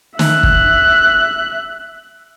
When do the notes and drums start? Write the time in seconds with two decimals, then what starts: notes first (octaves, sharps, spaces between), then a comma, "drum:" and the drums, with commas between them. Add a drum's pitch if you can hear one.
0.19 E5 F#6, drum: snare
0.43 drum: kick